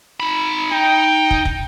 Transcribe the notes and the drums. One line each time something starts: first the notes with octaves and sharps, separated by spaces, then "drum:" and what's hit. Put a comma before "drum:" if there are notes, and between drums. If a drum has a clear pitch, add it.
D#4 B5
D#4 G5
drum: kick
drum: kick